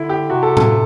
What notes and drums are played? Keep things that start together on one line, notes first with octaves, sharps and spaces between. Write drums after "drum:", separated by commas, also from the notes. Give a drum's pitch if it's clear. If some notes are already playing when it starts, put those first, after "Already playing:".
Already playing: D3 E4
G4
C3 F#4
A4
A4, drum: tom A2